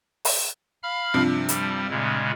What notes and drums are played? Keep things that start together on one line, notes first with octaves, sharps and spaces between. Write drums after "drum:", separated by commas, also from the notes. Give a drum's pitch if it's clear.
drum: open hi-hat
F5 B5 F6
G2 C3 F3
G3, drum: hi-hat
A#2 C#3 G#3